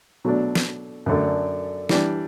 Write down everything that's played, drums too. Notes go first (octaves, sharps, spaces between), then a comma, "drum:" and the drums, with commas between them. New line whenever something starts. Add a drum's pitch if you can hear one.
B2 F#3 A3 D4
drum: snare
F#2 D3 A3
E3 G3 D4, drum: snare